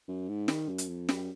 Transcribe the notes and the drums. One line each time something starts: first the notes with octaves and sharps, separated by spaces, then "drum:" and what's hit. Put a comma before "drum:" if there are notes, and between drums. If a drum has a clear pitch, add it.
F#2
G#2
D#3, drum: snare
F#2
drum: hi-hat
F2
F#2, drum: snare